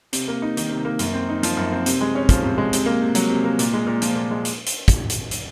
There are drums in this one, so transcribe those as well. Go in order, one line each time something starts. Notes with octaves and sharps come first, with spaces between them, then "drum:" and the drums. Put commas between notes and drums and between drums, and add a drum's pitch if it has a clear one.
C3, drum: hi-hat
A#3
D#4
D#3, drum: hi-hat
C3
A#3
F#2, drum: hi-hat
C4
D#4
F3, drum: hi-hat
F#2
C4
C3, drum: hi-hat
G#3
C#4
F3, drum: kick, hi-hat
C3
G#3
C3, drum: hi-hat
A#3
C3
F#3, drum: hi-hat
C3
A#3
A#2, drum: hi-hat
G#3
A#2
F3, drum: hi-hat
A#2
G#3
drum: hi-hat
drum: hi-hat
drum: kick, hi-hat
drum: hi-hat
drum: hi-hat